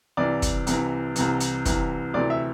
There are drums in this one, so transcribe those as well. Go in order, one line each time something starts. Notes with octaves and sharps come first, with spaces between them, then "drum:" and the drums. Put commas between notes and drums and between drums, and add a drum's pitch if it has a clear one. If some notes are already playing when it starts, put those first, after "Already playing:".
C2 C3 E3 D5
drum: kick, hi-hat
C2 C3 E3, drum: hi-hat
C2 C3 E3, drum: hi-hat
drum: hi-hat
C2 C3 E3, drum: kick, hi-hat
D2 C3 E3 D5
E5